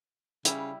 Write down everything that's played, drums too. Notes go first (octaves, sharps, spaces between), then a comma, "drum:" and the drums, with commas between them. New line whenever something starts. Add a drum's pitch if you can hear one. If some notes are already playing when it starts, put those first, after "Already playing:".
C#3 G3 E4, drum: hi-hat